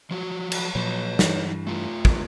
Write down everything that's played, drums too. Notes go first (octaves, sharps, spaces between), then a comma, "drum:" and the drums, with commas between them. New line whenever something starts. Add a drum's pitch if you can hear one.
F3 F#3 F#4
drum: cymbal
A#2 F3 F#3 B4 C#5
G2 E3, drum: snare
A3 F4
drum: kick